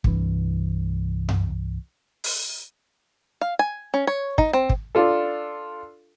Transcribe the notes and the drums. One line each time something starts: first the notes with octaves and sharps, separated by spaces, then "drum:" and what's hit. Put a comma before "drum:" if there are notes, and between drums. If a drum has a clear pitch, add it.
C2 G2 E3, drum: kick
drum: tom F#2
drum: open hi-hat
F5
G#5
C#4
C#5
D#4, drum: kick
C4
drum: kick
D4 F4 A4